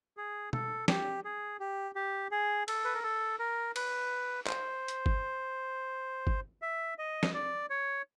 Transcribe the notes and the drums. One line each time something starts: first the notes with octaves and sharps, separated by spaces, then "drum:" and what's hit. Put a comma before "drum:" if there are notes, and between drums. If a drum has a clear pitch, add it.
G#4
A4, drum: tom
G4, drum: snare
G#4
G4
G4
G#4
A4, drum: cymbal
B4
A#4
A4
A#4
B4, drum: cymbal
C5, drum: clap
drum: hi-hat
drum: kick G1
drum: kick G1
E5
D#5
drum: snare
D5
C#5